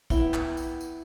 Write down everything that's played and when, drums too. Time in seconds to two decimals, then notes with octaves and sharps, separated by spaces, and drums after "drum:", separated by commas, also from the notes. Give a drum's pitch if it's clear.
0.10 B3 E4 G5, drum: kick, tambourine
0.34 drum: clap
0.57 drum: tambourine
0.81 drum: tambourine